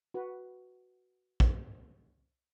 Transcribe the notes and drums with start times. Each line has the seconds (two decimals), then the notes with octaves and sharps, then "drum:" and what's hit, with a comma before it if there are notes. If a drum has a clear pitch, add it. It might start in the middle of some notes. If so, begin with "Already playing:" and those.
0.14 F#4 B4
1.40 drum: kick